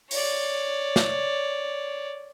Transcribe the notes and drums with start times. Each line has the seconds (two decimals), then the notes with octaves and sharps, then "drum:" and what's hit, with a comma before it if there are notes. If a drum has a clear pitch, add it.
0.11 C#5 D5, drum: open hi-hat
0.96 drum: snare